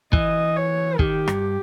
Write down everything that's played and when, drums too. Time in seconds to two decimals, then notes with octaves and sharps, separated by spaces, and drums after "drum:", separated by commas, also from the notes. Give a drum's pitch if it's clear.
0.13 E3 D#5, drum: kick
0.56 C#5
0.99 D#3 G4, drum: kick
1.28 G2, drum: rim click